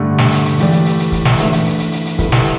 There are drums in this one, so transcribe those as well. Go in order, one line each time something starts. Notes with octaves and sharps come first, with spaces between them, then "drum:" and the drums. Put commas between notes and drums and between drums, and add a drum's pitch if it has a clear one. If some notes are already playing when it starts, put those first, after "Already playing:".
Already playing: G2 D3 A3
drum: snare
drum: hi-hat
drum: hi-hat
E3 A3 G4 D5, drum: hi-hat
drum: hi-hat
drum: hi-hat
drum: hi-hat
drum: kick, hi-hat
drum: snare
E3 A3 D4 B4 E5, drum: hi-hat
drum: hi-hat
drum: hi-hat
drum: hi-hat
drum: hi-hat
drum: hi-hat
G3 B3 E4 A4, drum: kick, hi-hat
drum: snare